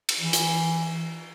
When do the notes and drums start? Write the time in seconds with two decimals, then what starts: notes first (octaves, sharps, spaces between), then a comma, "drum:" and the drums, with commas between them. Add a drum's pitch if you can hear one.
0.09 drum: cymbal
0.20 E3
0.33 drum: hi-hat